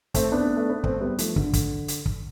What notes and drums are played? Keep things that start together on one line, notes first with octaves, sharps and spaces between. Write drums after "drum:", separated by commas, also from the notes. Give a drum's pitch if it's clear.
A3 C4, drum: kick, hi-hat
B3 D4
A3
B3
A3 C4, drum: kick
G3 B3
F3 A3, drum: hi-hat
D3, drum: kick
drum: kick, hi-hat
drum: hi-hat
drum: kick